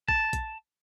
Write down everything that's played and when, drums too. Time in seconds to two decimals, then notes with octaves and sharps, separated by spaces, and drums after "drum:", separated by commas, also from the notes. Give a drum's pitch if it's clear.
0.08 A5, drum: kick A#1
0.33 drum: kick A#1, hi-hat